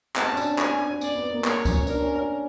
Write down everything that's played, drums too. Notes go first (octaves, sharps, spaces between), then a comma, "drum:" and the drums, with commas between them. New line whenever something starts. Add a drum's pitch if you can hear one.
C4 A5, drum: clap
C#4
D4, drum: tambourine
C#4 G#5, drum: clap
D4
C#4
C4 D5, drum: tambourine
B3
A#3
A#3 C#5, drum: clap
C#4, drum: kick C#2, tambourine
C#4
D4 A#4, drum: tambourine
C#4
C#4